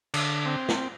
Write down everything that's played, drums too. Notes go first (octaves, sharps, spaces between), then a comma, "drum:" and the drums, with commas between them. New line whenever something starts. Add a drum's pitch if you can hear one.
D3, drum: cymbal
C4
drum: snare